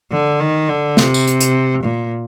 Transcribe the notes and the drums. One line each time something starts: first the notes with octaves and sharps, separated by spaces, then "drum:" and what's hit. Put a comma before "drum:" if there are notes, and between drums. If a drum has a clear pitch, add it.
D3
D#3
D3
C3, drum: snare
drum: tambourine
drum: hi-hat
drum: hi-hat
A#2